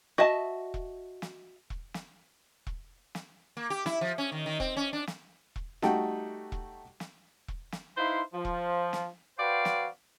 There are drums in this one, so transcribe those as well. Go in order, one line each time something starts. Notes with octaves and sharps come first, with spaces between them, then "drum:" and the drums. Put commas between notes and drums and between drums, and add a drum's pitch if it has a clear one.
F#4 D#5 E5 A5
drum: kick E1
drum: snare
drum: kick E1
drum: snare
drum: kick E1
drum: snare
A#3
G4
E4, drum: snare
F3
C#4
D#3
D#3
C4, drum: kick E1
C#4
D4
drum: snare
drum: kick E1
G3 A3 D#4 F#4 G5, drum: snare
drum: kick E1
drum: snare
drum: kick E1
drum: snare
D#4 E4 B4 C5 F5 C6
F3
drum: kick E1
drum: snare
F#4 B4 C5 D5 F5 G5
drum: snare